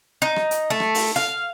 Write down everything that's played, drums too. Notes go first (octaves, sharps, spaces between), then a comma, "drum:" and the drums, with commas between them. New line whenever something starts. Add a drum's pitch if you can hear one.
D#4
drum: rim click
drum: hi-hat
A3
drum: rim click
drum: open hi-hat
F5